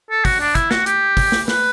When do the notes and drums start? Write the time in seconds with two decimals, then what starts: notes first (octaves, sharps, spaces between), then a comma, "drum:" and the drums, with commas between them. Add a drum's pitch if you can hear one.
0.10 A4
0.25 F#4, drum: kick, open hi-hat
0.40 D4
0.55 E4, drum: kick, hi-hat
0.71 F#4, drum: snare
0.86 G4, drum: hi-hat
1.17 drum: kick, open hi-hat
1.32 drum: snare
1.48 B4, drum: snare